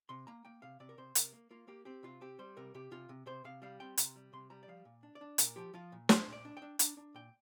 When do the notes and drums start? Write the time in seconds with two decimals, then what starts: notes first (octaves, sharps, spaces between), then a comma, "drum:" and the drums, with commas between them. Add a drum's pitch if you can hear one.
0.09 C3 C6
0.27 A#3 A#5
0.45 A#3 G5
0.62 C3 F5
0.80 C3 D5
0.89 A#4
0.98 C3 C5
1.15 C3 A#4, drum: hi-hat
1.33 A#3
1.51 A#3 F4
1.68 A#3 G4
1.85 C4 G4
2.03 C3 F4
2.21 C4 G4
2.39 G3 C5
2.57 C3 A#4
2.74 C3 G4
2.91 C3 F4
3.09 C3
3.26 C3 C5
3.44 C3 F5
3.62 G3 F5
3.80 C4 G5
3.97 C3 A#5, drum: hi-hat
4.16 G3
4.33 C3 C6
4.50 G3 A#5
4.63 D5
4.68 F3 F5
4.85 A#2
5.03 D4
5.15 D5
5.21 D4
5.38 A#2 A#4, drum: hi-hat
5.56 F3 G4
5.74 F3 F4
5.92 A#2
6.09 D4 C5, drum: snare
6.27 A#2
6.33 D5
6.45 D4
6.57 G5
6.62 D4
6.79 D4 A#5, drum: hi-hat
6.97 D4
7.14 A#2 G5